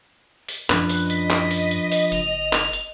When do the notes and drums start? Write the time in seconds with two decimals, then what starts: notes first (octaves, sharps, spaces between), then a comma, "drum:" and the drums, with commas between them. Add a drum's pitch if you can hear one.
0.49 drum: open hi-hat
0.70 F#2 F3 D4 B4 F#6, drum: clap
0.89 drum: open hi-hat
1.10 D#5 B6, drum: hi-hat
1.30 drum: clap
1.51 drum: open hi-hat
1.71 drum: hi-hat
1.92 drum: open hi-hat
2.12 F#1 F7, drum: hi-hat
2.53 drum: clap
2.73 drum: hi-hat